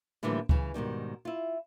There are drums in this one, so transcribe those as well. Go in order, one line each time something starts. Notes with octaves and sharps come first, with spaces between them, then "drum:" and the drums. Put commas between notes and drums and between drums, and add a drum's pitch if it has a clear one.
A2 D3 E3 F3 G3 A#3
C#3 E3, drum: kick C#2
G#2 B2 D#3 G3
E4 F4